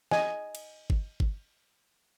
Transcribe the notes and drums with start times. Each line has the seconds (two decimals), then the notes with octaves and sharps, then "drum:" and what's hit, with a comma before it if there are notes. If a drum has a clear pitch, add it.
0.11 D#5 G#5, drum: snare
0.55 drum: cymbal
0.90 drum: kick G1
1.20 drum: kick G1